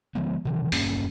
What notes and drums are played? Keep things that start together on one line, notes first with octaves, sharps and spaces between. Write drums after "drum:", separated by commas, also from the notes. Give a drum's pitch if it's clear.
D3 F3 G#3 B3
C3 D#3 E3
E1 G2 A#3 C#4, drum: open hi-hat